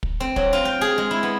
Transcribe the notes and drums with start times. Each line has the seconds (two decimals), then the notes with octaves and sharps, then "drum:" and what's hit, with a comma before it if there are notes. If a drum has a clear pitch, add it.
0.03 drum: kick
0.20 C4
0.36 F#3, drum: kick
0.53 F4
0.65 G5
0.81 G#4
0.98 G#3
1.11 E4
1.23 B3